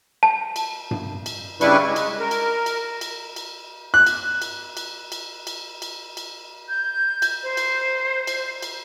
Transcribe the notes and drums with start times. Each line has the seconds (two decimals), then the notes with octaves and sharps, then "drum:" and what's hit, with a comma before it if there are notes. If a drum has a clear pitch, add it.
0.23 A5
0.56 drum: cymbal
0.91 drum: tom G2
1.26 drum: cymbal
1.61 C#3 G3 D4 E4 B4 C#6, drum: cymbal
1.87 G#3
1.96 drum: cymbal
2.20 A#4
2.31 drum: cymbal
2.66 drum: cymbal
3.01 drum: cymbal
3.36 drum: cymbal
3.94 F#6
4.07 drum: cymbal
4.42 drum: cymbal
4.77 drum: cymbal
5.12 drum: cymbal
5.47 drum: cymbal
5.82 drum: cymbal
6.17 drum: cymbal
6.69 G6
7.22 drum: cymbal
7.43 C5
7.57 drum: cymbal
8.27 drum: cymbal
8.62 drum: cymbal